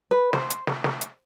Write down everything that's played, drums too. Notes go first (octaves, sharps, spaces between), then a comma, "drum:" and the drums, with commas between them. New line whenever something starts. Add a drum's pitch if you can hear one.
B4
C5, drum: snare
drum: hi-hat
drum: snare
drum: snare
drum: hi-hat